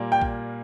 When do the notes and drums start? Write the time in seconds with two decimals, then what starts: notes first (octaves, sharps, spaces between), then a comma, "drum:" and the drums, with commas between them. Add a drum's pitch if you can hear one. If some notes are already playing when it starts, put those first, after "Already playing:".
Already playing: A#2 G3 A#3
0.12 G5
0.22 drum: kick